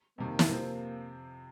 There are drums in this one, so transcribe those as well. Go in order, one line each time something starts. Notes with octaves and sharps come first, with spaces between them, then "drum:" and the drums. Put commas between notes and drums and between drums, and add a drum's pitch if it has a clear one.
F2 C3 D#3 A#3
drum: snare
C3 F3 C4